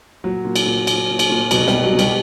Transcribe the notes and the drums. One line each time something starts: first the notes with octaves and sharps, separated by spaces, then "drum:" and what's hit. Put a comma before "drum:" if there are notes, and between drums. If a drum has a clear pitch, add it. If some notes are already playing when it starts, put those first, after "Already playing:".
A#2 F#3
A#2
drum: cymbal
A#2
A#2, drum: cymbal
A#2
drum: cymbal
A#2
B2 F#3, drum: cymbal
G3, drum: snare
B2
F#3
B2
G3, drum: cymbal